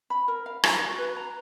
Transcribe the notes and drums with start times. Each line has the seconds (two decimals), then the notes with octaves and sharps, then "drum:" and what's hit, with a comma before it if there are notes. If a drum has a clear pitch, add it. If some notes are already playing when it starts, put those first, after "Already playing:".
0.10 B5
0.28 A#4
0.46 F5
0.64 F5, drum: rim click
0.81 F#4
0.98 B4
1.17 A#5